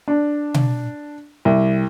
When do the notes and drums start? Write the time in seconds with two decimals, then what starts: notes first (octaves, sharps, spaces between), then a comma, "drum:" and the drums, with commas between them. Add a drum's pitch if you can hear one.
0.08 D4
0.54 drum: tom B2
1.45 C2